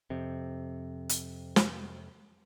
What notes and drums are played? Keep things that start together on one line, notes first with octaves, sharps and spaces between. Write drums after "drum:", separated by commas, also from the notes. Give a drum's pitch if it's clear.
F2 C3
drum: hi-hat
drum: snare